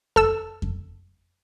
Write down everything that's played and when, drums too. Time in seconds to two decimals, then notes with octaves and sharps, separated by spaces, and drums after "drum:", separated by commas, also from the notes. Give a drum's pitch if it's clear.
0.16 A4 E6, drum: kick F2
0.62 drum: kick F2